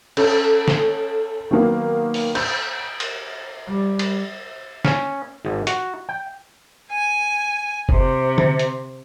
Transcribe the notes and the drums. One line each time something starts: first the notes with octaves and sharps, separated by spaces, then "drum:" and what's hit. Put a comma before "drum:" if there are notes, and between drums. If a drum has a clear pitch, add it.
C#4 A4, drum: cymbal
drum: snare
D#3 F#3 A#3 B3
drum: open hi-hat
G6, drum: cymbal
drum: cymbal
G3
drum: cymbal
C#4, drum: snare
G#1
F#4, drum: hi-hat
G5
G#5
C3, drum: kick F#1
drum: tom
drum: hi-hat